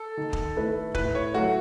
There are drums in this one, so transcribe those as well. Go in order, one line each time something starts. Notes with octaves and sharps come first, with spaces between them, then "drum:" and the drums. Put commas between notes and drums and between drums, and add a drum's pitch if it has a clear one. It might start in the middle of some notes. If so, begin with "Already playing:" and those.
Already playing: A4
D#3
drum: kick
A3 E4 B4
A2 B4, drum: kick
C#5
F#3 A3 F#4